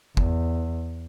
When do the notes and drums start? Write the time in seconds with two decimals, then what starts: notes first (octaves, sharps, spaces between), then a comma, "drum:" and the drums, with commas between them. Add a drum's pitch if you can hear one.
0.17 E2, drum: kick